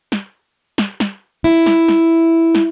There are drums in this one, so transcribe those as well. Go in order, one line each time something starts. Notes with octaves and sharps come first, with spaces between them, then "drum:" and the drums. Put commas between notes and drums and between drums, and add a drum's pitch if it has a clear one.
drum: snare
drum: snare
drum: snare
E4
drum: snare
drum: snare
drum: snare